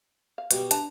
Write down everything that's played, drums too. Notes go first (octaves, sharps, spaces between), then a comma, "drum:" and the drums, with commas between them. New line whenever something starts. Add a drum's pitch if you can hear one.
F5
B2 G3, drum: hi-hat
D4 A5 A#5, drum: hi-hat